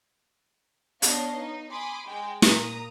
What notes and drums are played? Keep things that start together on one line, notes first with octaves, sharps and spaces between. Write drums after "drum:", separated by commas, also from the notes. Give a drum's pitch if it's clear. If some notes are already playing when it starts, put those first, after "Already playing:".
B3 D4 C#5 D#5 F5, drum: hi-hat
D#4
G#5 B5 C6 D6 D#6
G#3 G5
A#2 A#5 D#6, drum: snare